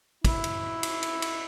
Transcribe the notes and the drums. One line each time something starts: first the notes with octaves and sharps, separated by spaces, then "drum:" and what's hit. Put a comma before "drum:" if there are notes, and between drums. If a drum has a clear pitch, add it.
E4, drum: kick, cymbal
drum: cymbal
drum: cymbal
drum: cymbal
drum: cymbal